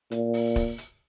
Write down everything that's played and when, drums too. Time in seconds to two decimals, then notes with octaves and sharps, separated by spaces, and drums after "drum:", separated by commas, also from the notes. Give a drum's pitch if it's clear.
0.11 A#2, drum: hi-hat
0.34 drum: open hi-hat
0.56 drum: kick, open hi-hat
0.78 drum: hi-hat